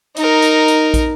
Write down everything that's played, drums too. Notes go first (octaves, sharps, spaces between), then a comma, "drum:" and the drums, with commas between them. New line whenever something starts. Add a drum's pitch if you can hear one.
D#4 A#4, drum: hi-hat
drum: hi-hat
drum: hi-hat
drum: kick, hi-hat